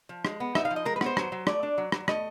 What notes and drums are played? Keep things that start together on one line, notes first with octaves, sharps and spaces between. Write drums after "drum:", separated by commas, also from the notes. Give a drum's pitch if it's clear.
F3
G#3, drum: rim click
B3
D#4 E5, drum: rim click
F5
F3
D#5
G#3 A#4
B4
B3, drum: rim click
C5
F#3, drum: rim click
F#3
A3 D5, drum: rim click
D4
F#3
F#3, drum: rim click
A3 D#5, drum: rim click